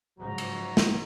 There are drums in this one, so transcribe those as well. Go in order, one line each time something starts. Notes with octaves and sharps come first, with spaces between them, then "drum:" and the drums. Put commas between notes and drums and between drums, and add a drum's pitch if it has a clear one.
G#2 C#3 F3 F#3 F#4 A#5
drum: cymbal
drum: snare